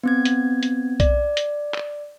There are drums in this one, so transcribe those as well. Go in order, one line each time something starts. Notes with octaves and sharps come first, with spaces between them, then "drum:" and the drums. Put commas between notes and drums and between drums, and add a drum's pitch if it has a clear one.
B3 C4 G#6
drum: hi-hat
drum: hi-hat
D5, drum: kick B1, hi-hat
drum: hi-hat
drum: clap